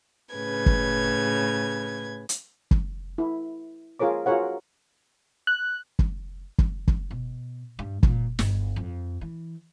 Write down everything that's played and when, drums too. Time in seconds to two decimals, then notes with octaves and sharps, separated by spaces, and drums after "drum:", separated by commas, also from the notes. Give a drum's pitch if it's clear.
0.35 A2 C#3 B4 G#6
0.66 drum: kick
2.29 drum: hi-hat
2.71 drum: kick
3.18 E4
3.99 F4 G#4 A#4 C#5 D6
4.26 F4 F#4 G#4 A#4 C#5 F#5
5.47 F#6
5.99 drum: kick
6.58 drum: kick
6.88 drum: kick
7.11 B2
7.79 G2
8.03 A#2, drum: kick
8.39 G1, drum: snare
8.76 F2
9.21 E3